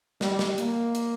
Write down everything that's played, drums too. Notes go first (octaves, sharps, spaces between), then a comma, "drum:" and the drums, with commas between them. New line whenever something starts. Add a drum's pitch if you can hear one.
G3, drum: snare
drum: snare
A#3, drum: hi-hat
drum: hi-hat